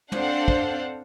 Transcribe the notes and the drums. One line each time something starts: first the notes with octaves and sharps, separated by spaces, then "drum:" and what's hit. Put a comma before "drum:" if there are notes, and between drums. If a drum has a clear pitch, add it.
C4 D4 A4 C5 F5 F#5, drum: tom
drum: kick